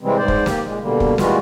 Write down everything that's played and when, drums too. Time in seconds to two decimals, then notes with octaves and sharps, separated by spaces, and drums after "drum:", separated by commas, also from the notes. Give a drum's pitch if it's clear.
0.01 C3 E3 G3 G#3 C4
0.18 G#2 C5 D5
0.28 drum: kick
0.46 A#3 G4, drum: snare
0.64 A#2 G#3
0.82 B2 D3 G3 A#3
1.00 drum: kick
1.18 A#2 E3 G3 G#3 F4 F#4, drum: snare